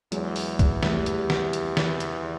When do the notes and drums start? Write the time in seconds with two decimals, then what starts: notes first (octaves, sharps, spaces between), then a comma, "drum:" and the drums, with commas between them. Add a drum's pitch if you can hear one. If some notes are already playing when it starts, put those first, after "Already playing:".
0.12 E2 F#3 G#3, drum: hi-hat
0.36 drum: open hi-hat
0.59 drum: kick, hi-hat
0.83 G3 A3, drum: snare
1.06 drum: hi-hat
1.30 drum: snare
1.53 drum: hi-hat
1.77 drum: snare
2.00 drum: hi-hat